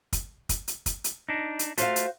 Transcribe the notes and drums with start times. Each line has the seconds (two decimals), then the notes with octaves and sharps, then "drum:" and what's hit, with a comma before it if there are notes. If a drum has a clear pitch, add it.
0.13 drum: kick, hi-hat
0.49 drum: kick, hi-hat
0.68 drum: hi-hat
0.86 drum: kick, hi-hat
1.04 drum: hi-hat
1.29 D4 D#4
1.59 drum: hi-hat
1.78 A3 F4 F#4 C5 F5, drum: hi-hat
1.96 drum: hi-hat